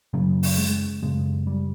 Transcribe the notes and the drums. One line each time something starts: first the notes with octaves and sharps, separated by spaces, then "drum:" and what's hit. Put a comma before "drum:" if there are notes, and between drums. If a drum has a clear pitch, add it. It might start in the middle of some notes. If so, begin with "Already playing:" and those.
F#2 C#3 F#3
drum: open hi-hat
G#3
F#2 C#3 G#3
G3